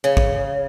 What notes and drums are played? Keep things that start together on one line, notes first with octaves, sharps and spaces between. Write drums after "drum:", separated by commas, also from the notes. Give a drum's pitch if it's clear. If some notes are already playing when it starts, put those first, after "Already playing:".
C#3
drum: kick